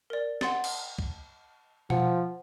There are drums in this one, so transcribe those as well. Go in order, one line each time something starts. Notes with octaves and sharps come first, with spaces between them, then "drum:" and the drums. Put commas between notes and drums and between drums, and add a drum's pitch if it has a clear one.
A#4 D5
F#5 C6 A6, drum: snare
drum: cymbal
drum: kick
F3 F#5, drum: tom B2